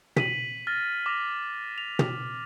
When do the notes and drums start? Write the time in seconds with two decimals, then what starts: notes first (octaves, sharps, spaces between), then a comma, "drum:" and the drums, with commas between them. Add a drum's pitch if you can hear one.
0.16 B6 D#7 F#7, drum: tom
0.67 F6 A6 A#6
1.06 D6 A#6 F7
1.78 F7
1.99 drum: tom